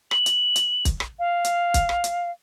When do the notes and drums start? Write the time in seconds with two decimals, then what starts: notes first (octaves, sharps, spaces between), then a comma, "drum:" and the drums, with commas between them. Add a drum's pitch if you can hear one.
0.11 F#7, drum: rim click
0.26 drum: hi-hat
0.56 drum: hi-hat
0.85 drum: kick, hi-hat
1.00 drum: rim click
1.19 F5
1.45 drum: hi-hat
1.74 drum: kick, hi-hat
1.89 drum: rim click
2.04 drum: hi-hat